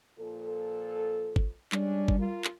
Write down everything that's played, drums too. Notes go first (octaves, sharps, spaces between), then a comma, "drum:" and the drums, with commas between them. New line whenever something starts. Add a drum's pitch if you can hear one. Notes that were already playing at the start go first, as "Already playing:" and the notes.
A#2 F3 A4
drum: kick
G3 G#3 C#4 D4, drum: clap
drum: kick
F4 A#4
drum: clap